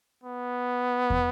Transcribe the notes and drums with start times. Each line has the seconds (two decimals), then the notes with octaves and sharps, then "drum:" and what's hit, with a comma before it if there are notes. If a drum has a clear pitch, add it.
0.24 B3
1.10 drum: kick